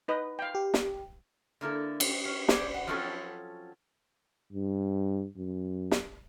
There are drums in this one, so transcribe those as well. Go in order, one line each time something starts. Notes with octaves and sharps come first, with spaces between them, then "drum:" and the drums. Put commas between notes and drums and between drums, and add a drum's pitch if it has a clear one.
D#4 B4 D#5
F5 G5
G4
drum: snare
D3 A#3 E4 A4
drum: cymbal
C#4
G#4 C5 D5, drum: snare
F#5
F3 F#3 C4 C#4 F#4 A4
G2
F#2
drum: snare